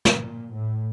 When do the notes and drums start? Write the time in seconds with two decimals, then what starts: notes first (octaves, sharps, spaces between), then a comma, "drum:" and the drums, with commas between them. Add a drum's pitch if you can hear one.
0.05 drum: snare
0.20 A#2
0.56 A2